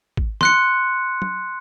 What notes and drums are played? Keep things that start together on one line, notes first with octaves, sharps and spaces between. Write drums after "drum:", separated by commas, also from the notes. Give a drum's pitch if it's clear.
drum: kick
C6 F#6 C#7, drum: snare
drum: tom